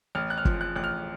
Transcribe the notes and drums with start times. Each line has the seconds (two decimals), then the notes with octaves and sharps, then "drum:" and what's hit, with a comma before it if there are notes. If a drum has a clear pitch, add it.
0.15 A1 F6
0.30 F#6
0.38 F6
0.45 F3, drum: kick
0.61 F#6
0.76 A1 F#6
0.84 F6